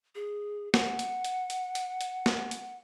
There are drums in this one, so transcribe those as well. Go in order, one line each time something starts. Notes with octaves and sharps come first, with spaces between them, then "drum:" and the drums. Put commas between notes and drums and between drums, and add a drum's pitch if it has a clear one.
G#4
F#5, drum: snare
drum: hi-hat
drum: hi-hat
drum: hi-hat
drum: hi-hat
drum: hi-hat
drum: snare
drum: hi-hat